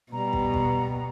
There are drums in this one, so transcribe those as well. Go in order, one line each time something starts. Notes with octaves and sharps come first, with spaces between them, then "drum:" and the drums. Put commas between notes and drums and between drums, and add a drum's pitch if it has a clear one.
B2 G3 A#5
drum: kick
drum: kick